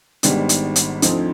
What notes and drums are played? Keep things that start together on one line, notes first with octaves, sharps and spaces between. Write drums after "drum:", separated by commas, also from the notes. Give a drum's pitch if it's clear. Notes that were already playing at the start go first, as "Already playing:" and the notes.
G#1 G#2 G3 B3 D4, drum: hi-hat
drum: hi-hat
drum: hi-hat
D2 D3 F3 C4 D#4, drum: hi-hat